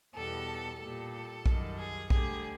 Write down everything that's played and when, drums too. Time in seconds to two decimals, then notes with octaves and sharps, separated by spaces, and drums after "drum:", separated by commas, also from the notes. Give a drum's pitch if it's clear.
0.15 E2 B2 G3 A4
0.81 A#2 G3 A4
1.46 F#2 D#3 G3, drum: kick
1.78 G#4
2.10 D2 D3 G3 G#4, drum: kick